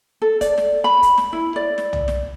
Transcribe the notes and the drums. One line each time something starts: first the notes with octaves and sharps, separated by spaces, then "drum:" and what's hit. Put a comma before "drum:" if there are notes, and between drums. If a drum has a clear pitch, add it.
A4
D5, drum: kick, hi-hat
drum: snare
B5
drum: kick, hi-hat
drum: snare
E4
D5
drum: snare
drum: tom
drum: snare